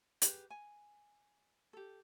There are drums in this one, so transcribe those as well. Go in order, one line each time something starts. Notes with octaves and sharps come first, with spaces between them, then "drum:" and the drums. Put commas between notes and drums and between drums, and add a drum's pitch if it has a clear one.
G4 G#4 B4, drum: hi-hat
G#5
G4 A4